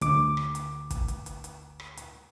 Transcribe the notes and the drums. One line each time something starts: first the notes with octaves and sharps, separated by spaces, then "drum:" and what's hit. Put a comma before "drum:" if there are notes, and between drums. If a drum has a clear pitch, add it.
D2 D6, drum: hi-hat
drum: rim click
drum: hi-hat
drum: kick, hi-hat
drum: hi-hat
drum: hi-hat
drum: hi-hat
drum: rim click
drum: hi-hat